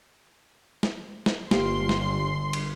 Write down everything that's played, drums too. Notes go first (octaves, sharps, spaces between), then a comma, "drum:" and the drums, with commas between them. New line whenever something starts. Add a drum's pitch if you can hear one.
drum: snare
drum: snare
G1 A#3 F4 G4 C6, drum: snare
drum: snare
drum: cymbal